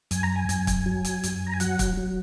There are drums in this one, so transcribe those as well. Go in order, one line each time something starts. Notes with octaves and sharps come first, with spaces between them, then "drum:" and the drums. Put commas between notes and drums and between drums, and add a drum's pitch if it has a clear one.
F#2 G#5, drum: hi-hat
A#5
G#5
F#2, drum: hi-hat
drum: kick, hi-hat
F#3
drum: hi-hat
F#2, drum: hi-hat
A#5
G#5
F#3 F#5, drum: hi-hat
drum: kick, hi-hat
F#3